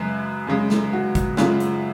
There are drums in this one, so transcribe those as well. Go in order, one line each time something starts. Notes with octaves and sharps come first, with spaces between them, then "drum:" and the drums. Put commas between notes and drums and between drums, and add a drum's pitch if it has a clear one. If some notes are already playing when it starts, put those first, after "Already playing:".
Already playing: F#2 C#3 G#3 B4
F#2 C#3 G#3
drum: snare
F#4
drum: kick, hi-hat
F#2 C#3 G#3 F4, drum: snare
drum: hi-hat